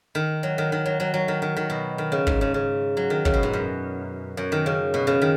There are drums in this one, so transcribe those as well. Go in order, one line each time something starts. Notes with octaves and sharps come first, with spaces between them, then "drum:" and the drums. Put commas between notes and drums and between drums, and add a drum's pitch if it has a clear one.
D#3
F#3
D#3
D#3
F#3
F#3
F#3
D#3
D#3
D#3
B2
D#3
C#3
G#2, drum: kick
C#3
C#3
F#3
D#3
C#3, drum: kick
B2
G#2
F#2
F#2
D#3
C#3
B2
C#3
D#3